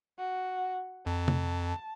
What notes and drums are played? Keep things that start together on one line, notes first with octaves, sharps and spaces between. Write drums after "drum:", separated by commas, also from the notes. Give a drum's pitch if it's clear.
F#4
F2 A5
drum: tom C3